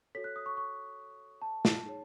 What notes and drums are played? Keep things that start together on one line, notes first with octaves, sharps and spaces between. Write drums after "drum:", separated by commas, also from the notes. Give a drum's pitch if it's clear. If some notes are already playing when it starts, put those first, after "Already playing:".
F#4 A4 C#5 B6
F#6
D#6
C#6
C#6
A5
drum: snare
D#4 G#4 C#5